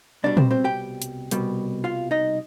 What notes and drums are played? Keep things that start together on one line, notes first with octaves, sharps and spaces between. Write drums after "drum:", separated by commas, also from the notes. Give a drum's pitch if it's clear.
C2 B2 G3 D4 D5
C4 C5, drum: tom
C4 C5
G4 G5
drum: hi-hat
C2 B2 G3, drum: hi-hat
F4 F5
D#4 D#5